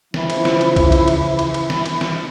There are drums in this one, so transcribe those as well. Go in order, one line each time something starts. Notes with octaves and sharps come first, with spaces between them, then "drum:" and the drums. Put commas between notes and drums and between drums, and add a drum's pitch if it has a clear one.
C#3 E3 F3 E4, drum: snare
drum: cymbal
drum: snare
drum: cymbal
drum: kick, cymbal
drum: cymbal
drum: cymbal
drum: cymbal
drum: cymbal
drum: snare
drum: cymbal
drum: snare